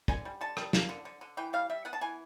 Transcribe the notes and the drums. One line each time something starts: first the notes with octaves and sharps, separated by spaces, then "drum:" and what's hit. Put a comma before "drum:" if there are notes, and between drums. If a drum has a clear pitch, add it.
D3 G#5, drum: kick
G3
D3 A5
G3, drum: rim click
A#3, drum: snare
D3
D3
D3
E3 G5
G3 F5
G3 E5
B3 F#5
A5
E3 G#5